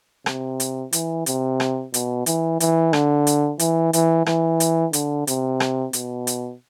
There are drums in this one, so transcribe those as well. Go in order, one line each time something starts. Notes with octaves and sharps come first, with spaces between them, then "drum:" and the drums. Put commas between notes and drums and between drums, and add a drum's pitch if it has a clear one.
C3, drum: rim click
drum: hi-hat
E3, drum: hi-hat
C3, drum: hi-hat
drum: rim click
B2, drum: hi-hat
E3, drum: hi-hat
E3, drum: hi-hat
D3, drum: rim click
drum: hi-hat
E3, drum: hi-hat
E3, drum: hi-hat
E3, drum: rim click
drum: hi-hat
D3, drum: hi-hat
C3, drum: hi-hat
drum: rim click
B2, drum: hi-hat
drum: hi-hat